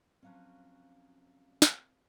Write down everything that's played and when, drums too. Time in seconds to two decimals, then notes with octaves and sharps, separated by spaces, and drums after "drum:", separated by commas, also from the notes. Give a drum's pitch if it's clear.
0.23 F3 F#3 C4 C#4 F5 F#6
1.62 drum: snare